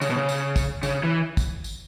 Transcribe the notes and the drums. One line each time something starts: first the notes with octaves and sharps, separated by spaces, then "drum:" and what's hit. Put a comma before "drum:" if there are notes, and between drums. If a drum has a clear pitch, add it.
C#3, drum: tambourine
B2
C#3
drum: tambourine
drum: kick, tambourine
C#3, drum: tambourine
E3
drum: kick, tambourine
drum: tambourine